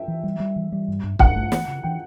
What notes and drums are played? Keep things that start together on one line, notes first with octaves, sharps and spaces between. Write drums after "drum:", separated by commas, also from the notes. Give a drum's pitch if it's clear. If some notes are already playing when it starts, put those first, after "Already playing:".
Already playing: E5 G5
E3
G3
G3
E3
G3
G2
G2
G2 F#5, drum: kick
A3
E3, drum: snare
C#3
E3 G5